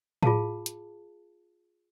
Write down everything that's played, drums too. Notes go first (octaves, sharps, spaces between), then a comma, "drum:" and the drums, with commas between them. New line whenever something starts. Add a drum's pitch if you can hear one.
F4 G#4 F5 A5, drum: tom A2
drum: hi-hat